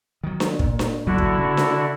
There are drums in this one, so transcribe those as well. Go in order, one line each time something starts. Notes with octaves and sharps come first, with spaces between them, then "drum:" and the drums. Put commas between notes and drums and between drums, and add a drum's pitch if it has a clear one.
D#3 F#3
drum: snare D4
A#2, drum: kick
drum: snare D4
D3 F#3 G3 A#3 E4 F#4
drum: kick
C#3
drum: snare D4